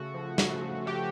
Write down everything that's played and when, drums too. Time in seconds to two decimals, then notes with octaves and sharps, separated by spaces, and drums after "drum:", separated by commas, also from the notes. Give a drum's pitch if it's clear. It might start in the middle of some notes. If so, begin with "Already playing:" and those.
Already playing: C#3 A3 F#4
0.14 F3
0.38 drum: snare
0.50 A3
0.86 A3 G4